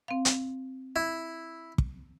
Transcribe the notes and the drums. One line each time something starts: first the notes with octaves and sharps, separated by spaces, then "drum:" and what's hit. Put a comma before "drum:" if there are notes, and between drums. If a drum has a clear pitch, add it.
C4 F5
drum: hi-hat
E4
drum: kick